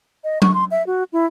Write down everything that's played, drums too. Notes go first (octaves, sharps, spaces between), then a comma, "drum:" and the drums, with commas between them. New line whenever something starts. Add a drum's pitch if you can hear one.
D#5
C#6, drum: tom F#3
C6
E5
F#4
E4